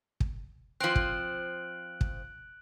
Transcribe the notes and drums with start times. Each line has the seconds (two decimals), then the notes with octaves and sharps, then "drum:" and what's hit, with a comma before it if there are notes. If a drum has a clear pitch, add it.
0.20 drum: kick
0.80 F3 C4 F#6 D7 F#7
0.96 drum: kick
2.01 drum: kick